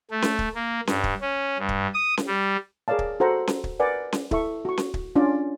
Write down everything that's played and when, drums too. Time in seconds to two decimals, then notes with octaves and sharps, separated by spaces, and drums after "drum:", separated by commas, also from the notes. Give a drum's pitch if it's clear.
0.11 A3
0.22 drum: snare C#4
0.39 drum: kick
0.55 A#3
0.87 G2, drum: snare C#4
1.04 drum: kick
1.21 C#4
1.59 G2
1.69 drum: kick
1.94 D#6
2.17 drum: snare C#4
2.27 G3
2.88 G#4 A#4 C#5 D5 F5 A5
2.99 drum: kick
3.20 F#4 A4 C5 F#5 A#5
3.47 drum: snare C#4
3.64 drum: kick
3.80 A#4 B4 D5 F#5 G#5
4.12 drum: snare C#4
4.31 E4 A4 E5 C#6, drum: kick
4.65 F#4 C#6
4.78 drum: snare C#4
4.94 drum: kick
5.16 C#4 D4 F4 C#5 D5